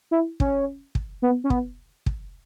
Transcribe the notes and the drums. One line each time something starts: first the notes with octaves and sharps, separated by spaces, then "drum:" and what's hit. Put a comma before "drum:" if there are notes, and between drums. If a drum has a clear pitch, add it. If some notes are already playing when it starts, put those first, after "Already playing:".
E4
C#4, drum: kick
drum: kick
B3
C#4
B3, drum: kick
drum: kick